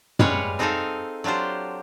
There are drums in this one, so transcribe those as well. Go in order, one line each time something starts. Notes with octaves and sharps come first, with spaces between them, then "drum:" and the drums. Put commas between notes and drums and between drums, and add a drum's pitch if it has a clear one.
G3 G#3 B4 C#5 F5 F#5, drum: tom
C4 D#4 G#4 A4 D#5 F5
F#3 D4 F4 G4 C5